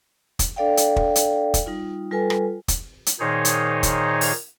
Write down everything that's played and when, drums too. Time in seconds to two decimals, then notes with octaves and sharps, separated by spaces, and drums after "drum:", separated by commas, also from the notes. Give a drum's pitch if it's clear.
0.39 drum: kick, hi-hat
0.56 D4 A4 D5 F5 G5
0.77 drum: hi-hat
0.96 drum: kick
1.16 drum: hi-hat
1.54 drum: kick, hi-hat
1.66 G3 D#4 F4
2.11 G3 F4 A4 B4 G#5
2.30 drum: rim click
2.68 drum: kick, hi-hat
3.06 drum: hi-hat
3.20 A#2 D#3 D#4 G#4 C5 C#5
3.45 drum: hi-hat
3.83 drum: kick, hi-hat
4.21 drum: open hi-hat